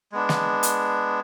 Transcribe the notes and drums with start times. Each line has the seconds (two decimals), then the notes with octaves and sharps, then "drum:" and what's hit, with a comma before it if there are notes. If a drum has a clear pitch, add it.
0.12 G#3 B3 D4
0.29 drum: snare
0.63 drum: hi-hat